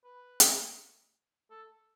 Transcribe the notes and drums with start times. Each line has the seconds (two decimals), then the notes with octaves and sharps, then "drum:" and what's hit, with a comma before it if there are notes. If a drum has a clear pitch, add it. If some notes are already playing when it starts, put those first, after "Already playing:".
0.05 B4
0.40 drum: hi-hat
1.51 A4